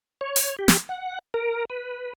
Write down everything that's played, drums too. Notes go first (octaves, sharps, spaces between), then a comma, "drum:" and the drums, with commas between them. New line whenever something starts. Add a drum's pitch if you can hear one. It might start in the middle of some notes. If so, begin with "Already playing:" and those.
C#5
drum: open hi-hat
G4
drum: snare
F#5
A#4
B4